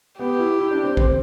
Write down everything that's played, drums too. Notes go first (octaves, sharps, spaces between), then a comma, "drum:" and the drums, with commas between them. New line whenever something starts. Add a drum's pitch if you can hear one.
B3 G4
E4
E4
D4
C4
C4, drum: kick